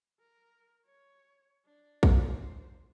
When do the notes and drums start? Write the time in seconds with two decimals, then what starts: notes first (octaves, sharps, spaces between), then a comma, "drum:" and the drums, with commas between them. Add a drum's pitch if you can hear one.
0.20 A#4
0.85 C#5
1.65 D4
2.03 drum: kick
2.21 C5